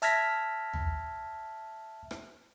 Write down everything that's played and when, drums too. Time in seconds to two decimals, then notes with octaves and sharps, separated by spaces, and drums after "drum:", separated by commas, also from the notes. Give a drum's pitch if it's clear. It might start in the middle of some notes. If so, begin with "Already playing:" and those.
0.02 E5 A5 F6 G#6 A#6 B6, drum: hi-hat
0.73 drum: tom
2.11 drum: rim click